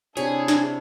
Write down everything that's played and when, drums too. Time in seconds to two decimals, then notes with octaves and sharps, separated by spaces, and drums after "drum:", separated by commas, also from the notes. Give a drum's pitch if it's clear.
0.17 C3 D4 E4 G#4 C#5 A5 B5, drum: hi-hat
0.48 drum: snare